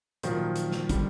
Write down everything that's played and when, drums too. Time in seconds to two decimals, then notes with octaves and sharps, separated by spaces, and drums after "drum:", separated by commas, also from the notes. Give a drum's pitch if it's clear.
0.23 A#2 D#3 F3 F#3 A#3 D#4, drum: hi-hat
0.56 drum: hi-hat
0.72 drum: snare
0.89 D3 G3, drum: kick, hi-hat